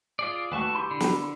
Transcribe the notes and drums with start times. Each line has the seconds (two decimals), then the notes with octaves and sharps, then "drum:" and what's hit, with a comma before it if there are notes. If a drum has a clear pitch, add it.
0.19 F4 G#4 D5
0.52 D#2 A3 F#4 B4 A5 C#6
0.74 E4 G4 C6
0.91 D3
1.00 drum: snare